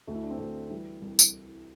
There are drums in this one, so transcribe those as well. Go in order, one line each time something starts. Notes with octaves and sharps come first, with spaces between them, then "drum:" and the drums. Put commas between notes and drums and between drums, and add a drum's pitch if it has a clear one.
D2 A3
E4
D4
C4
D2 A3
E3 G3
C2
drum: tambourine